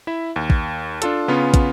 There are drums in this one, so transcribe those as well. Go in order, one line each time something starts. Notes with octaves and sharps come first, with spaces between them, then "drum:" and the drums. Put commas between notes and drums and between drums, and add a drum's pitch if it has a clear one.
E4 E5
D#2
drum: kick
D4 F4 A4, drum: hi-hat
C#3 B3 C#4 F4
drum: kick, hi-hat